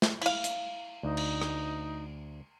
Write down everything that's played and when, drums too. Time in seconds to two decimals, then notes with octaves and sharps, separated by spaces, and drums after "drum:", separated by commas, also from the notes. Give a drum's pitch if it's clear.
0.02 drum: snare
0.21 E4 F5, drum: cymbal
0.44 drum: hi-hat
1.03 D2 D#4
1.17 drum: cymbal
1.42 drum: rim click